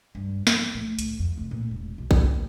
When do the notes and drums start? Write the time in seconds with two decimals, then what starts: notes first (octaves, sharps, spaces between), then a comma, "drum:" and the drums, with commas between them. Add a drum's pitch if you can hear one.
0.15 G2
0.47 F3, drum: snare
0.75 A2
0.99 D2, drum: hi-hat
1.19 F2
1.37 F1
1.51 A#2
1.71 E1
1.98 B1
2.11 D3, drum: kick
2.23 A#1